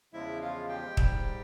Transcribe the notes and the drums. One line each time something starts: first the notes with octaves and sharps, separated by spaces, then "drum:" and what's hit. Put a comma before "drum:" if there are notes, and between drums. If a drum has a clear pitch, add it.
E2 C#3 F3 G#3 E4 E5
F4 F5
G4 G5
G#2 G3, drum: kick